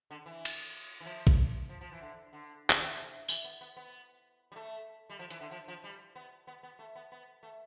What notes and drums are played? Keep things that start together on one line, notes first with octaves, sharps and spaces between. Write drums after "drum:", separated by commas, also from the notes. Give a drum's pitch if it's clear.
D3
E3
drum: cymbal
E3
F3
drum: kick
F3
F3
E3
D3
D3
F3, drum: clap
E3
D3
C3
E3, drum: tambourine
B3
B3
B3
G3
A3
G3
F3
E3, drum: hi-hat
D3
F3
F3
G3
B3
B3
B3
A3
B3
B3
A3